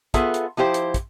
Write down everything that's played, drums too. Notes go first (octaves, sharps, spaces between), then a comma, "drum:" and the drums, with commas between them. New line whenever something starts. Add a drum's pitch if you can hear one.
B3 F4 G#4 A4 E5, drum: kick, hi-hat
drum: hi-hat
F3 E4 G4 C5
drum: hi-hat
drum: kick, hi-hat